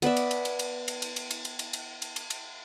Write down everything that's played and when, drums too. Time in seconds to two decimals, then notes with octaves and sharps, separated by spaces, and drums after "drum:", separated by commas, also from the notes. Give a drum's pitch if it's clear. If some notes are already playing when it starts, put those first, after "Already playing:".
0.02 B3 B4 D5 E5, drum: cymbal
0.17 drum: cymbal
0.31 drum: cymbal
0.45 drum: cymbal
0.59 drum: cymbal
0.88 drum: cymbal
1.02 drum: cymbal
1.16 drum: cymbal
1.31 drum: cymbal
1.45 drum: cymbal
1.59 drum: cymbal
1.73 drum: cymbal
2.02 drum: cymbal
2.16 drum: cymbal
2.30 drum: cymbal